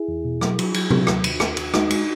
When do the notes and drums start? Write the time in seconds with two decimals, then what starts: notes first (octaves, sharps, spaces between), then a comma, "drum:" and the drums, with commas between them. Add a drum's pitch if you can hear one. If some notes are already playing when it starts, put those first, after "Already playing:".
Already playing: E4 G#4
0.08 E2
0.24 B2
0.41 F#3, drum: rim click
0.59 F#3, drum: cymbal
0.74 F#3, drum: cymbal
0.90 F#3, drum: tom C3
1.07 D#2, drum: rim click
1.24 D#2, drum: cymbal
1.40 D#2, drum: rim click
1.57 D#2, drum: cymbal
1.74 G#3 D#4 F#4, drum: rim click
1.90 G#3, drum: cymbal